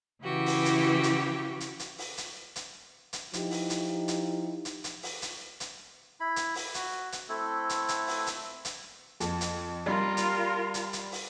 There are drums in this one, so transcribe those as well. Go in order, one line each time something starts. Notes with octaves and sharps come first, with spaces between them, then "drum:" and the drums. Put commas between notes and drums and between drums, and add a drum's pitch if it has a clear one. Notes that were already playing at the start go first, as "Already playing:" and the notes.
C#3 E3 E4 F#4 G4
drum: open hi-hat
drum: hi-hat
drum: hi-hat
drum: hi-hat
drum: hi-hat
drum: open hi-hat
drum: hi-hat
drum: hi-hat
drum: hi-hat
F3 D#4 E4 G4, drum: hi-hat
drum: open hi-hat
drum: hi-hat
drum: hi-hat
drum: hi-hat
drum: hi-hat
drum: open hi-hat
drum: hi-hat
drum: hi-hat
E4 B5
drum: hi-hat
drum: open hi-hat
F#4, drum: hi-hat
drum: hi-hat
A3 C4 E4 A4
drum: hi-hat
drum: hi-hat
drum: open hi-hat
drum: hi-hat
drum: hi-hat
F2, drum: hi-hat
drum: hi-hat
G3 F4 A#4
drum: hi-hat
drum: hi-hat
drum: hi-hat
drum: open hi-hat